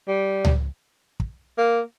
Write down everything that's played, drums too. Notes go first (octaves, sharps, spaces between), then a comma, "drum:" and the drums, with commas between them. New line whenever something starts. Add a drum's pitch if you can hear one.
G3
drum: tom C#2
drum: kick
A#3